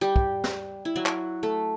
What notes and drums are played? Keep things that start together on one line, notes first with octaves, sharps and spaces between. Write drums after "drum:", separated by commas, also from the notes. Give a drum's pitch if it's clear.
G3 G4
drum: kick
drum: snare
E4
F#3 F#4
drum: clap
A3 A4